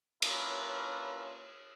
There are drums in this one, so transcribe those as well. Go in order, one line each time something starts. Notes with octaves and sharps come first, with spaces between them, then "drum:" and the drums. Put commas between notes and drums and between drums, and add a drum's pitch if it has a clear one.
A#3 C#4 D4 E4 F4 B4, drum: cymbal